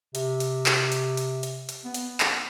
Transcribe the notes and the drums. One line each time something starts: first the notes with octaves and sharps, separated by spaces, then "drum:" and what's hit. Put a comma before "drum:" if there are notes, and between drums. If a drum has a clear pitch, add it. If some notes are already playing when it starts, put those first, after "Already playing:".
C3, drum: hi-hat
drum: hi-hat
drum: clap
drum: hi-hat
drum: hi-hat
drum: hi-hat
drum: hi-hat
B3
drum: hi-hat
drum: clap